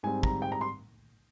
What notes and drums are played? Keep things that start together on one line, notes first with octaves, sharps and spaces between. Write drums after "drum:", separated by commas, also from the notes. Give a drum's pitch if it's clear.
G#2 G3 C4 G#5
A#5, drum: kick
G5
A#5
C6